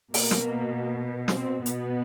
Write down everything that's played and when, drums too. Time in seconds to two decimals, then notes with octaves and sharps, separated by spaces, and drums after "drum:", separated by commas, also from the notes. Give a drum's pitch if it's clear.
0.14 B2 A#3, drum: open hi-hat
0.31 drum: snare
1.28 C4, drum: snare
1.66 B2 B3, drum: hi-hat